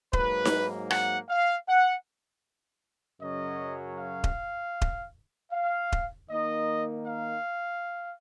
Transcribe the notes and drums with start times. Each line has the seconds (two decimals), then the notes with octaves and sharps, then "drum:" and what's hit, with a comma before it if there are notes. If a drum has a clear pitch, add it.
0.13 G#2 F#3 A#3 B4, drum: kick D#1
0.45 drum: snare D#4
0.90 F#5, drum: rim click
1.29 F5
1.68 F#5
3.22 F#2 C#3 F#3 C#4 D#5
3.98 F5
4.24 drum: kick D#1
4.81 drum: kick D#1
5.52 F5
5.92 drum: kick D#1
6.29 D#3 A#3 D#4 D#5
7.06 F5